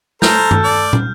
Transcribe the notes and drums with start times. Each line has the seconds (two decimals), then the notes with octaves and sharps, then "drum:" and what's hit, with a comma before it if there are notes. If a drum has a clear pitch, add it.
0.22 A4 C5 A#5 F6 G6, drum: snare
0.51 drum: tom G2
0.64 D5
0.93 drum: tom